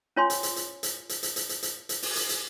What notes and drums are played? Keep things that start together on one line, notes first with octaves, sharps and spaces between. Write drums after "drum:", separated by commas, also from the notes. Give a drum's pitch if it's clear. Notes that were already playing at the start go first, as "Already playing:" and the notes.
C#4 F4 C#5 G#5 C6
drum: hi-hat
drum: hi-hat
drum: hi-hat
drum: hi-hat
drum: hi-hat
drum: hi-hat
drum: hi-hat
drum: hi-hat
drum: hi-hat
drum: hi-hat
drum: open hi-hat
drum: hi-hat
drum: hi-hat